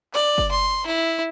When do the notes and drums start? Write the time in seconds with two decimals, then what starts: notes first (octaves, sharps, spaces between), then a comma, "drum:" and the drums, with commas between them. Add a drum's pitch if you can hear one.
0.14 D5, drum: clap
0.38 drum: kick F#1
0.51 C6
0.86 E4